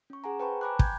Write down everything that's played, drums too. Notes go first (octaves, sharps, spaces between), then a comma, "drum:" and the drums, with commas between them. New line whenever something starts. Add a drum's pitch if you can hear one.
C#4 C#6
G#4 F#5 G#5 A#5
B4 C5 G5 A5 B5 C#6
G5 G#5 A#5 B5 D6 F#6
C6 G6 G#6, drum: kick